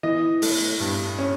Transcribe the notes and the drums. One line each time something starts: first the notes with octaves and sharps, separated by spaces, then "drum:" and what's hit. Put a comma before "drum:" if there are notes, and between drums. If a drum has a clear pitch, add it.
E3 D#5
A3, drum: open hi-hat
G2
C#4